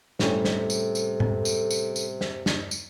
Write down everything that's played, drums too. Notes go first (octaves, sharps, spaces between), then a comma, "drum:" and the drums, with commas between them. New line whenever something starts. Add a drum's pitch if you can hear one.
A2 C3 G3 C#4 A4, drum: snare
drum: snare
drum: tambourine
drum: tambourine
drum: tom A2
drum: tambourine
drum: tambourine
drum: tambourine
drum: snare
drum: snare
drum: tambourine